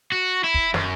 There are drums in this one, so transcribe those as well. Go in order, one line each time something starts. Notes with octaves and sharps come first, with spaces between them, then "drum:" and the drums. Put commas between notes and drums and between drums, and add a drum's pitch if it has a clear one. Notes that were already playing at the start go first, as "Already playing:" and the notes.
F#4
E4
drum: kick
F#2, drum: snare